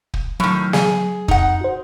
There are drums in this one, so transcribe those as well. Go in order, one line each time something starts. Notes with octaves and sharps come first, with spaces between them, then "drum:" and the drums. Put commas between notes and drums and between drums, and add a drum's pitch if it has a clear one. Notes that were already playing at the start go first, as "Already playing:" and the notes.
drum: kick
A2 D#3 F#3
G#4, drum: snare
F2 D#4 F#5, drum: kick
F#4 C5